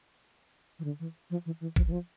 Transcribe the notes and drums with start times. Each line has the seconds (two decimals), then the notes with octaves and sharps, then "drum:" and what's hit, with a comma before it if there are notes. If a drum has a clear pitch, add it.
0.79 E3
0.84 D3
1.00 E3
1.30 F3
1.46 E3
1.61 E3
1.76 F3, drum: kick
1.87 E3
1.92 F3